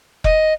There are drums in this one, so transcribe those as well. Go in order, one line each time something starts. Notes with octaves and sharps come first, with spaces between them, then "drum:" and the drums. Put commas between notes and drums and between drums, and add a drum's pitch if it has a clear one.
D#5, drum: kick F1